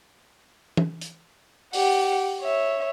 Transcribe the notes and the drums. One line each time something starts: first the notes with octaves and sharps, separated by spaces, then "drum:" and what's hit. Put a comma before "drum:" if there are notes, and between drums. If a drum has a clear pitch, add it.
drum: tom E3
drum: hi-hat
G4 F#5, drum: open hi-hat
C#5 E5